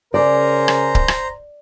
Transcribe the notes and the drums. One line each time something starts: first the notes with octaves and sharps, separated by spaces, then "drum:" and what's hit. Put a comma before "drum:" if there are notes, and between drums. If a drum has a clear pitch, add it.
C#3 A#4 C5 D5 G#5 A#5
drum: rim click
drum: kick C#1
drum: rim click